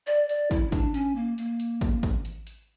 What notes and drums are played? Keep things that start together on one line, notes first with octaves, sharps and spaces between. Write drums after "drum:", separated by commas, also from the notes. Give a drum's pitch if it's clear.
D5, drum: hi-hat
D5, drum: hi-hat
E4, drum: kick, hi-hat
D4, drum: kick, hi-hat
C#4, drum: hi-hat
A#3
A#3, drum: hi-hat
drum: hi-hat
drum: kick, hi-hat
drum: kick, hi-hat
drum: hi-hat
drum: hi-hat